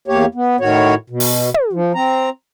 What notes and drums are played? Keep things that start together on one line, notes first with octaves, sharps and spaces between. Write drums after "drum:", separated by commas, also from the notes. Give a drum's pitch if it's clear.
E2 A#3 G4 C#5
B3
A2 D#3 F#4 C#5
B2
drum: open hi-hat
drum: tom
F3
C4 A#5